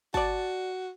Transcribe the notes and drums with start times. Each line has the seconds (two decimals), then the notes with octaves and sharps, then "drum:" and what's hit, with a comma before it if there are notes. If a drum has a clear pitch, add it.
0.14 F#4 D5 A5, drum: kick G1